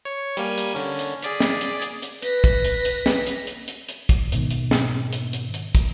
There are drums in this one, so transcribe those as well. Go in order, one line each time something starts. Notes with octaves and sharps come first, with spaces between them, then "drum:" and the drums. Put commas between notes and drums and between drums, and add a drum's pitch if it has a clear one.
C#5
G3 A#3 G#5, drum: hi-hat
drum: hi-hat
D3 C#4
drum: hi-hat
G#4 D5 B6, drum: hi-hat
drum: snare
drum: hi-hat
drum: hi-hat
drum: hi-hat
B4 A#6 B6, drum: hi-hat
drum: kick, hi-hat
drum: hi-hat
drum: hi-hat
drum: snare
drum: hi-hat
drum: hi-hat
drum: hi-hat
drum: hi-hat
drum: kick, hi-hat
G#2 B2 D#3, drum: hi-hat
drum: hi-hat
drum: snare
drum: hi-hat
drum: hi-hat
drum: hi-hat
drum: kick, hi-hat